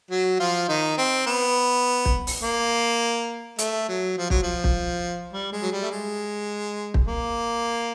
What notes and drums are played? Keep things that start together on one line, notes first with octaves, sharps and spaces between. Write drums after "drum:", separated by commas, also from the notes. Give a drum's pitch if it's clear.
F#3 F#4
F3 F4
D#3 D#4
C4
B3
drum: kick
drum: open hi-hat
A#3
A3, drum: hi-hat
F#3
F3
F#3, drum: kick
F3
drum: kick
G3
G#3
F#3
G3
A3
G#3
drum: kick
A#3